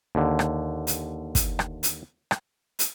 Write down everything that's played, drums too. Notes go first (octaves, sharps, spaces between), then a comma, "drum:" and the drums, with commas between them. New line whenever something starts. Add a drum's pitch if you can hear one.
D#2 D3
drum: rim click
drum: hi-hat
drum: kick, hi-hat
drum: rim click
drum: hi-hat
drum: rim click
drum: hi-hat